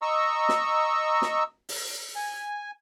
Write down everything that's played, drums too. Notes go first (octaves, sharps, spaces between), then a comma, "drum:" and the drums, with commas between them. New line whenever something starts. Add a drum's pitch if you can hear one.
D#5 A#5 C#6 E6
drum: snare
drum: snare
drum: open hi-hat
G#5